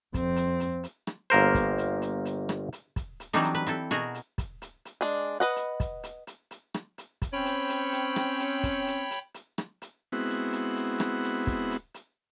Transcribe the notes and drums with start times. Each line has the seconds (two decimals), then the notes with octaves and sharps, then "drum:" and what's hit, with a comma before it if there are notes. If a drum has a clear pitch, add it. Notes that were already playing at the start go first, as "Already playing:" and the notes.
0.14 F2 C4, drum: kick, hi-hat
0.36 drum: hi-hat
0.60 drum: hi-hat
0.83 drum: hi-hat
1.07 drum: rim click
1.30 G1 A#3 A#4 C5
1.54 drum: kick, hi-hat
1.78 drum: hi-hat
2.02 drum: hi-hat
2.25 drum: hi-hat
2.49 drum: rim click
2.73 drum: hi-hat
2.96 drum: kick, hi-hat
3.20 drum: hi-hat
3.33 E3 F#3 G3 C4 D4 D#4
3.43 drum: hi-hat
3.55 B4
3.67 C4 E4 A4, drum: hi-hat
3.91 B2 F#4 G#4 A#4, drum: rim click
4.14 drum: hi-hat
4.38 drum: kick, hi-hat
4.62 drum: hi-hat
4.85 drum: hi-hat
5.01 G#3 D4
5.40 B4 D#5 F#5
5.56 drum: hi-hat
5.80 drum: kick, hi-hat
6.03 drum: hi-hat
6.27 drum: hi-hat
6.51 drum: hi-hat
6.74 drum: rim click
6.98 drum: hi-hat
7.22 drum: kick, hi-hat
7.33 C4 C#4 C#5 G5 B5
7.45 drum: hi-hat
7.69 drum: hi-hat
7.93 drum: hi-hat
8.16 drum: rim click
8.40 drum: hi-hat
8.63 drum: kick, hi-hat
8.87 drum: hi-hat
9.11 drum: hi-hat
9.34 drum: hi-hat
9.58 drum: rim click
9.82 drum: hi-hat
10.12 G#3 B3 C4 E4 F#4
10.29 drum: hi-hat
10.53 drum: hi-hat
10.76 drum: hi-hat
11.00 drum: rim click
11.23 drum: hi-hat
11.47 drum: kick, hi-hat
11.71 drum: hi-hat
11.94 drum: hi-hat